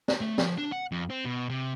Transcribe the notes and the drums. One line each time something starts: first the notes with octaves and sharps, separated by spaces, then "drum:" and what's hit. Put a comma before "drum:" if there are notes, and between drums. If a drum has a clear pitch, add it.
drum: snare
A3
F3, drum: snare
D4
F#5
F2
C4
B2
C3